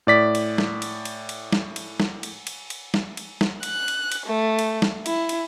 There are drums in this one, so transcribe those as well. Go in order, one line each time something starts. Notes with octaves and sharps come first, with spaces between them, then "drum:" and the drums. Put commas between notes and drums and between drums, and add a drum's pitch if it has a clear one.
A2 D5 B6
drum: cymbal
drum: snare
drum: cymbal
drum: cymbal
drum: cymbal
drum: snare
drum: cymbal
drum: snare
drum: cymbal
drum: cymbal
drum: cymbal
drum: snare
drum: cymbal
drum: snare
F#6, drum: cymbal
drum: cymbal
drum: cymbal
A3
drum: cymbal
drum: snare
E4, drum: cymbal
drum: cymbal